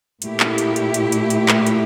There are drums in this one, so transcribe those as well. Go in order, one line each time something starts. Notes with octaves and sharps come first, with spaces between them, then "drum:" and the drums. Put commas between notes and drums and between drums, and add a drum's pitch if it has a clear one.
A#2 A3 E4 G4, drum: hi-hat
drum: clap
drum: hi-hat
drum: hi-hat
drum: hi-hat
drum: hi-hat
drum: hi-hat
drum: clap
drum: hi-hat